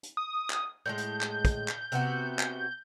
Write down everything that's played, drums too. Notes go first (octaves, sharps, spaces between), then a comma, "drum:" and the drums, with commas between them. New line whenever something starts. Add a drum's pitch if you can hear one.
drum: hi-hat
D#6
drum: clap
A2 D#3 G#3 G6
drum: hi-hat
drum: clap
drum: kick, hi-hat
drum: clap
C3 B3 F#4, drum: hi-hat
drum: clap